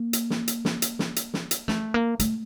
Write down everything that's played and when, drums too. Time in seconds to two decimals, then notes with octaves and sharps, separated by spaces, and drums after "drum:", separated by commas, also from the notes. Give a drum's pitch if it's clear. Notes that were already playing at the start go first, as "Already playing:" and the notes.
Already playing: A#3
0.13 drum: hi-hat
0.30 drum: snare
0.48 drum: hi-hat
0.65 drum: snare
0.82 drum: hi-hat
0.99 drum: snare
1.16 drum: hi-hat
1.34 drum: snare
1.51 drum: hi-hat
1.68 A3, drum: snare
1.94 A#3
2.20 A3, drum: hi-hat